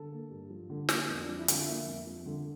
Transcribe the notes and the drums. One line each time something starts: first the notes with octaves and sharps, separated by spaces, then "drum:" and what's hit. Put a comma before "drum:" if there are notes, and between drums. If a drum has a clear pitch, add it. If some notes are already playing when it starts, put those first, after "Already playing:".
Already playing: D3 A4
A#3
G2
F3
D3
A#3, drum: snare
F2 F4
D4
F3
E4
D3 F4, drum: hi-hat
A#3 E5
F2
F3
D3